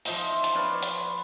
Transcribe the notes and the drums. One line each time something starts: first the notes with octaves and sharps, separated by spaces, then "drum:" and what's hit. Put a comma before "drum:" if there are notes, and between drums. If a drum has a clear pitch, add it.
F3 D#4 F4 E5, drum: open hi-hat
drum: hi-hat
B4 C#5 D5 F5
drum: hi-hat